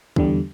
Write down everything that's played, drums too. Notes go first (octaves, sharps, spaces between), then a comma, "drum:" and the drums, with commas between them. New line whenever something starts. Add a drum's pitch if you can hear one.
E2 D3 G3, drum: kick